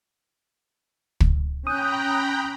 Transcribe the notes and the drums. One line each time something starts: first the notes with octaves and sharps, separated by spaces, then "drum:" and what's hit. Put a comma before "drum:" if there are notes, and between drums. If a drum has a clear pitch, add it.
drum: kick
C#4 G5 A#5 B5 D#6 F#6 G6